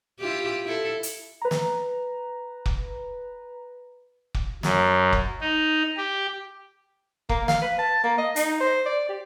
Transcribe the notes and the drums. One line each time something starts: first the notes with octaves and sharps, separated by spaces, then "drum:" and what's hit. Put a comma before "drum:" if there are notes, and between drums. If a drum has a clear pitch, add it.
E4 F4 G4
E4 A4
drum: hi-hat
B4 A#5
drum: snare
drum: kick
drum: kick
F#2, drum: snare
drum: kick
D#4
G4
A#3, drum: kick
F5, drum: snare
B4
A5
A#3
D#5
D#4, drum: hi-hat
C5
D5
G4